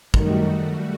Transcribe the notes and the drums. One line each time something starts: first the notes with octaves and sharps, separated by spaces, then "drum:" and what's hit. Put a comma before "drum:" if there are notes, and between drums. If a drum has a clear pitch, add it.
F#2 D#3 G3 A3 F#4, drum: kick